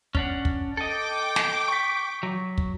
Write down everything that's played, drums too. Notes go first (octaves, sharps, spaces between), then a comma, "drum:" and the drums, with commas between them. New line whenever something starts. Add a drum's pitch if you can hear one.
C#4 D4 F#5, drum: kick
drum: kick
A4 D#5 G5 D6
drum: snare
C#6 B6
F#3
drum: kick